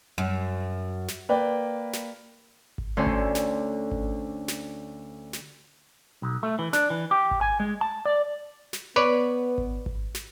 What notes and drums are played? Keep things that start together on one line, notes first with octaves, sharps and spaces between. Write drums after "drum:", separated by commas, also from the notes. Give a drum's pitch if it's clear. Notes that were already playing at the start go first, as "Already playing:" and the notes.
F#2
drum: snare
A#3 B4 D5 G5
drum: snare
drum: kick G#1
D2 D3 C#4 A4 C5
drum: kick G#1
drum: snare
drum: kick G#1
drum: snare
drum: snare
B1
A3
E3
D4, drum: snare
E3
G4
drum: kick G#1
G#5
G#3
A5
D5
drum: snare
B3 B4 C#5 D5
drum: kick G#1
drum: kick G#1
drum: snare